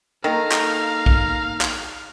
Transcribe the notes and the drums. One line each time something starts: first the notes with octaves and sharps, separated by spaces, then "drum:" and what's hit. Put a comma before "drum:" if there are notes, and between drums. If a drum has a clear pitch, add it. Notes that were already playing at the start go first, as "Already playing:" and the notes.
D#3 A#3 D#4 A4 F5 A#5
drum: clap
drum: kick A#1
drum: clap